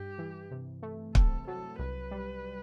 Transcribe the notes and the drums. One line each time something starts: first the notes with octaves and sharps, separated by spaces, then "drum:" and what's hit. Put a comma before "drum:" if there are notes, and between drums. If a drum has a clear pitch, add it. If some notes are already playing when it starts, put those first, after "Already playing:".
Already playing: G2 G4
E3
C3
A3
C4 A4, drum: kick
F#3 A4
C2 B4
G3